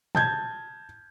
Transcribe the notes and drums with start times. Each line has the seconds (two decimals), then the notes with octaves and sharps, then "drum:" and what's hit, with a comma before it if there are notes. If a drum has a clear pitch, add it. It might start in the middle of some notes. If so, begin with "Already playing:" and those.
0.15 A5 G6 G#6, drum: tom A#2